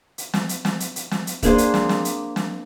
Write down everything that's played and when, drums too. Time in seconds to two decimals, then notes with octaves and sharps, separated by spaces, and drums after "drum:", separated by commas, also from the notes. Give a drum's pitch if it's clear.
0.18 drum: hi-hat
0.34 drum: snare
0.49 drum: hi-hat
0.65 drum: snare
0.80 drum: hi-hat
0.96 drum: hi-hat
1.11 drum: snare
1.27 drum: hi-hat
1.43 A#3 D4 G#4 C5, drum: kick, hi-hat
1.58 drum: hi-hat
1.74 drum: snare
1.89 drum: snare
2.05 drum: hi-hat
2.36 drum: snare